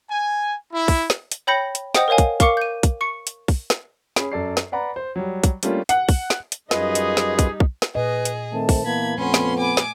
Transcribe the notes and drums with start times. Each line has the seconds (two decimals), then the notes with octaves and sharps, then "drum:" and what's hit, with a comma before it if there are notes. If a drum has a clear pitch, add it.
0.10 G#5
0.73 E4
0.88 drum: kick, open hi-hat
1.10 drum: snare
1.32 drum: hi-hat
1.47 C#5 G5 B5 G6 A#6 C#7
1.75 drum: hi-hat
1.95 C5 D#5 F#5 G5 D#6, drum: snare
2.08 A#4 C5 C#5 F5 G#5
2.18 drum: kick, hi-hat
2.40 A#4 F5 C#6 D6 C#7, drum: kick, hi-hat
2.57 G6 D#7
2.83 drum: kick, hi-hat
3.01 C#6 C#7
3.27 drum: hi-hat
3.48 drum: kick, open hi-hat
3.70 drum: snare
4.16 C#4 G#4 B5, drum: snare
4.32 F#2 A4 D5 C7
4.57 drum: snare
4.72 B4 D5 F#5 A#5 B5
4.96 C5
5.16 F#3 G3
5.44 drum: kick, hi-hat
5.63 G3 A3 A#3 C#4 D4 F4, drum: hi-hat
5.89 F#5, drum: hi-hat
6.09 drum: kick, open hi-hat
6.30 drum: snare
6.52 drum: hi-hat
6.71 F#2 G3 D#4 F4 G#4 B4 D#5, drum: snare
6.95 drum: hi-hat
7.17 drum: snare
7.39 drum: kick, hi-hat
7.60 drum: kick
7.82 drum: snare
7.95 A#2 G#4 B4 D#5
8.25 drum: hi-hat
8.53 D#3 A3 C4 A5
8.69 drum: kick, open hi-hat
8.85 E3 A#3 B3 B5 G#6
9.18 F2 A3 B3 C#4 B5 C6
9.34 drum: snare
9.60 G#5 B5 D6
9.77 drum: snare